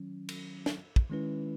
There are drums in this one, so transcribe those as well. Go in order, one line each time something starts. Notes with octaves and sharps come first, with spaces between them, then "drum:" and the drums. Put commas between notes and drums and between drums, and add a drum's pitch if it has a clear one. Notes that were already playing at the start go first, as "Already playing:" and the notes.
Already playing: D#3 F#3 C#4
drum: cymbal
drum: snare
drum: kick
D#3 G#3 C#4 E4 B4